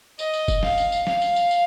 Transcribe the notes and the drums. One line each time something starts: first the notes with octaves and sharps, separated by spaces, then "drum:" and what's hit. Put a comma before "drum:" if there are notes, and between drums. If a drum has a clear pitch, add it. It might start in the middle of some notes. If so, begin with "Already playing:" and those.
D#5, drum: tambourine
drum: tambourine
drum: kick, tambourine
F5, drum: snare
drum: tambourine
drum: tambourine
F5, drum: snare
drum: tambourine
drum: tambourine
drum: tambourine